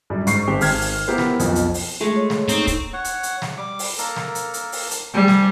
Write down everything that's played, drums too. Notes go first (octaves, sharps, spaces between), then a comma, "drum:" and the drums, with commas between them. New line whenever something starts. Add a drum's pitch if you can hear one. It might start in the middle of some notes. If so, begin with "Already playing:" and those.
F#2 G3
G#2 C#6 C7, drum: hi-hat
G#1 C4 G4
G#1 F6 G#6, drum: open hi-hat
drum: open hi-hat
B3 E4 G4 A#4 C5
drum: snare
B1 F2, drum: hi-hat
drum: hi-hat
drum: open hi-hat
G#3 A3
C#5
drum: snare
A#3 C4 D#4 C#6, drum: hi-hat
drum: kick, hi-hat
C#5 F#5
drum: hi-hat
drum: hi-hat
drum: snare
G3 D6
drum: open hi-hat
A#3 A4 A#4, drum: hi-hat
drum: snare
drum: hi-hat
drum: hi-hat
drum: open hi-hat
drum: hi-hat
G3 A4 C5 G#5
drum: snare